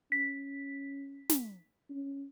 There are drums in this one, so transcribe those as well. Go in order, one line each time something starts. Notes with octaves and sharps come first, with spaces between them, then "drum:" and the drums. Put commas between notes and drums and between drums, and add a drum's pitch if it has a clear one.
C#4 B6
drum: snare
C#4